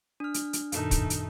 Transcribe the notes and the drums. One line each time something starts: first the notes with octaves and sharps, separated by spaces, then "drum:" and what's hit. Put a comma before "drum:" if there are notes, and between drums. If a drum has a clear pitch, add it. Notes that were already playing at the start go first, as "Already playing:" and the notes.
D4 F6
drum: hi-hat
drum: hi-hat
F#2 A#2 D#3 A3 D#4, drum: hi-hat
drum: kick, hi-hat
drum: hi-hat